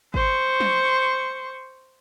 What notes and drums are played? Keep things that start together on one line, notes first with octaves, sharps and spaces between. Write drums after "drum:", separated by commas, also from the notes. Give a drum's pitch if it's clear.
C5 C#6, drum: kick G#1
drum: snare